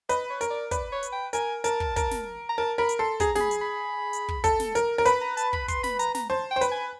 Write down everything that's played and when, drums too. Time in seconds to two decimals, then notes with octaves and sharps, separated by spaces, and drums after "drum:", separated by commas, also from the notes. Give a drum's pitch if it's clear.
0.09 B4 D#5, drum: hi-hat
0.30 C#5
0.41 A#4, drum: hi-hat
0.51 D5
0.71 B4 D5, drum: kick, hi-hat
0.92 C#5
1.03 drum: hi-hat
1.12 G5
1.33 A#4 G#5, drum: hi-hat
1.64 A#4 A5, drum: hi-hat
1.80 drum: kick
1.96 A#4, drum: kick, hi-hat
2.11 drum: snare
2.49 A#5
2.58 A#4 A5
2.78 A#4 B5
2.89 drum: hi-hat
2.99 A4 C6
3.20 G#4 A#5, drum: kick, hi-hat
3.35 G#4 B5, drum: snare
3.51 drum: hi-hat
3.61 B5
4.13 drum: hi-hat
4.28 drum: kick
4.44 A4, drum: kick, hi-hat
4.60 drum: snare
4.75 A#4, drum: hi-hat
4.98 A#4
5.05 B4 B5, drum: hi-hat
5.22 A#5
5.37 A5, drum: hi-hat
5.53 B5, drum: kick
5.68 C6, drum: kick, hi-hat
5.84 B5, drum: snare
5.99 A#5, drum: hi-hat
6.15 A#5, drum: snare
6.30 C5 A5
6.51 G5
6.56 C5
6.61 B4, drum: hi-hat
6.72 G#5